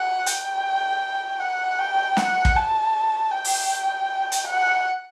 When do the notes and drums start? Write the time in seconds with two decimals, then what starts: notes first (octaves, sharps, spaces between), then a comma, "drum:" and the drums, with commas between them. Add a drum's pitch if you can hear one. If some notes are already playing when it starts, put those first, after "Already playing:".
Already playing: F#5
0.26 G5, drum: hi-hat
1.40 F#5
1.79 G5
2.17 F#5, drum: snare
2.45 drum: kick
2.55 A5
3.31 G5
3.44 drum: open hi-hat
4.32 drum: hi-hat
4.45 F#5